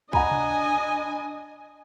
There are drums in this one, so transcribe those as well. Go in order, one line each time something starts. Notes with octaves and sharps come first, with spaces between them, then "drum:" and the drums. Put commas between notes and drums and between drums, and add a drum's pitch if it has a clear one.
D4 D#5 F#5 G#5 A#5 B5, drum: kick
drum: tom C3